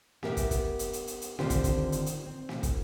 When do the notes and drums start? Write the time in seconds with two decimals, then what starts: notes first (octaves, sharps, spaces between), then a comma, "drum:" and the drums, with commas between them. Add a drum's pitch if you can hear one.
0.23 B3 G4 A#4 E5 G5, drum: snare
0.37 drum: kick, hi-hat
0.51 drum: kick, hi-hat
0.79 drum: hi-hat
0.93 drum: hi-hat
1.07 drum: hi-hat
1.22 drum: hi-hat
1.39 D3 D#3 C4 F4 G4 C5, drum: snare
1.50 drum: kick, hi-hat
1.64 drum: kick, hi-hat
1.92 drum: hi-hat
2.06 drum: hi-hat
2.27 C4
2.49 drum: snare
2.63 drum: kick, hi-hat